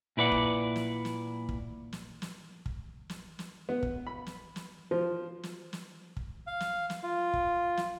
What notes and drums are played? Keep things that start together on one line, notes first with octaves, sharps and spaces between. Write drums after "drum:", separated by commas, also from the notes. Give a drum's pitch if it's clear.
A#2 E4 B4 D5 F#5
drum: kick
drum: snare
drum: snare
drum: kick
drum: snare
drum: snare
drum: kick
drum: snare
drum: snare
B3
drum: kick
B5
drum: snare
drum: snare
F3
drum: snare
drum: snare
drum: kick
F5
drum: snare
drum: snare
F4
drum: kick
drum: snare